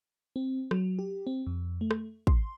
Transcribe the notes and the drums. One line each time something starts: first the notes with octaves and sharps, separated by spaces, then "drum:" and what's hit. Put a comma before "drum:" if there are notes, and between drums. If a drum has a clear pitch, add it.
C4
F#3, drum: rim click
G4
C4
F2
A3
drum: rim click
C6, drum: kick